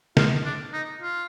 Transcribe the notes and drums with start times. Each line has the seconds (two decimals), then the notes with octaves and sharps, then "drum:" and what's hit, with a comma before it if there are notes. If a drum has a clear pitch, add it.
0.17 F4, drum: snare
0.45 D4
0.73 D#4
1.02 F4